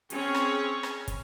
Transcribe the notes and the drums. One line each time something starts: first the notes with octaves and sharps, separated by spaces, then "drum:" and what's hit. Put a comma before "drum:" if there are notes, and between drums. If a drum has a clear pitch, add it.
C4 C#4 G#4 C#5, drum: hi-hat
drum: rim click
drum: rim click
drum: kick, hi-hat